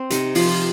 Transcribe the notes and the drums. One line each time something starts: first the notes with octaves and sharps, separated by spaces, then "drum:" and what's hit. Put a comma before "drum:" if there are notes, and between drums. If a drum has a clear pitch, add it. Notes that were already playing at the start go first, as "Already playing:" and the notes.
Already playing: C4
C3 D#4, drum: hi-hat
F3 F4, drum: open hi-hat